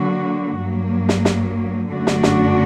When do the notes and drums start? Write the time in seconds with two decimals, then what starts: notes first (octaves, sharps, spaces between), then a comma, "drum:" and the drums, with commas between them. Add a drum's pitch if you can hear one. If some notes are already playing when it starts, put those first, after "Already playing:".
Already playing: D3 F#3 A#3 F#4
0.59 G2 F#3 A#3
1.09 drum: snare
1.25 drum: snare
1.90 F#2 D3 A3 D4 F#4
2.07 drum: snare
2.23 drum: snare